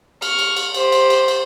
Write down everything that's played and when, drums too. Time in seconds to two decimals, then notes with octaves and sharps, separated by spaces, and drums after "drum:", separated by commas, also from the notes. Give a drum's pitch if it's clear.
0.22 C#6 F6, drum: cymbal
0.39 drum: cymbal
0.56 drum: cymbal
0.74 G4 C5, drum: cymbal
0.92 drum: cymbal
1.10 drum: cymbal
1.28 drum: cymbal